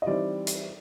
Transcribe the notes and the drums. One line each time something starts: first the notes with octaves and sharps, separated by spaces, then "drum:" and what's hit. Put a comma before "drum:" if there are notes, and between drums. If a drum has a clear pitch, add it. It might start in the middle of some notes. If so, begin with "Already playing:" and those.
D#5
E3 G3 C4 D#4 D5
drum: hi-hat